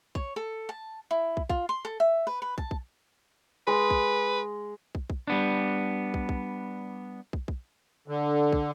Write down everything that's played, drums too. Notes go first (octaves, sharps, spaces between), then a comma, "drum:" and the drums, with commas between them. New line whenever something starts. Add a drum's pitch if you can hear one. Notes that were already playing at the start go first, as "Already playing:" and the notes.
C#5, drum: kick
A4
A5
E4
drum: kick
F4, drum: kick
C6
A4
E5
B4
B4
A5, drum: kick
drum: kick
G#3 B4
drum: kick
drum: kick
drum: kick
G3 B3 D4
drum: kick
drum: kick
drum: kick
drum: kick
D3
drum: kick